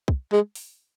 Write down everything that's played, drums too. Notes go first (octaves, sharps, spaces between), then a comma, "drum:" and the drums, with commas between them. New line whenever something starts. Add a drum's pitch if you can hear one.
drum: kick
G#3
drum: open hi-hat